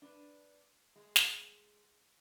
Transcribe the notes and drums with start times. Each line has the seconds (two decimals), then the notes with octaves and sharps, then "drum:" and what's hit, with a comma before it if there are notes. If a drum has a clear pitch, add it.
0.02 D4 B4
0.96 G#3
1.16 drum: snare